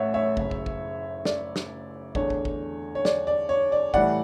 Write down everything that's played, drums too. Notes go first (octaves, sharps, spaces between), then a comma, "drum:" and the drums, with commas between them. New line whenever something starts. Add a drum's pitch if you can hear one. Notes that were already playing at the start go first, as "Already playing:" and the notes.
Already playing: A1 A2 C#5 E5 F#5
C#5 E5
F#1 F#2 C#3, drum: kick
drum: kick
drum: kick
D5, drum: snare
drum: snare
E2 D3 A3 D4 C#5, drum: kick
drum: kick
drum: kick
C#5
D5, drum: snare
D5
C#5
D5
A2 E3 G3 D5 F#5, drum: kick